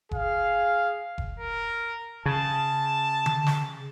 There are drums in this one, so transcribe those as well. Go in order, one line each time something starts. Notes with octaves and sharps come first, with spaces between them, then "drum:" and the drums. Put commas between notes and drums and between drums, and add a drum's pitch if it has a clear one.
G#4 F5, drum: kick F1
drum: kick F1
A#4
C#3 A5
drum: tom D3
drum: snare